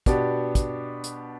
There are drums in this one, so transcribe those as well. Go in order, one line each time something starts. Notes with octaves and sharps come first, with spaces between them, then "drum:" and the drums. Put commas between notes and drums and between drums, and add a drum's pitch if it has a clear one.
B2 B3 D4 G4, drum: kick, hi-hat
drum: kick, hi-hat
drum: hi-hat